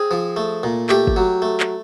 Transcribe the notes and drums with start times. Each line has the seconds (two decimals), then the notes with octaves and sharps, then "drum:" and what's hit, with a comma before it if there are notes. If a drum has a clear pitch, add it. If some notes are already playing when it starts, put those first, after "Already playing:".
Already playing: C4 G#4
0.11 F3
0.36 A3
0.63 A#2
0.89 A3 G4, drum: clap
1.07 drum: kick
1.16 F#3
1.42 A3
1.60 drum: clap